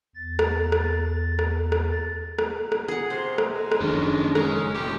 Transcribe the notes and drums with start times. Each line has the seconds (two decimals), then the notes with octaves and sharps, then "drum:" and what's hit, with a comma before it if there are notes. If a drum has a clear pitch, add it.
0.15 E2 A6
0.39 drum: rim click
0.72 drum: rim click
1.39 drum: rim click
1.72 drum: rim click
2.39 drum: rim click
2.72 drum: rim click
2.88 G#4 F#5
3.10 C3 C5
3.38 drum: rim click
3.55 G#3
3.72 drum: rim click
3.81 F#1 D#3 F3 C#4 D4
4.35 G#3 C#4 A#5, drum: rim click
4.75 B2 G#3 G4